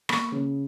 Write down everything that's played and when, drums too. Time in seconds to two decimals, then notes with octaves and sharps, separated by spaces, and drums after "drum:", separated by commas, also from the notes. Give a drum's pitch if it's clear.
0.09 A#3 B5 C#6, drum: rim click
0.32 C#3